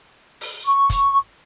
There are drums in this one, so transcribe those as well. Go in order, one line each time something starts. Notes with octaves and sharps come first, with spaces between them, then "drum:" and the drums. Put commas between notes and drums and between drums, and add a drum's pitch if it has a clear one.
drum: open hi-hat
C#6
drum: kick, hi-hat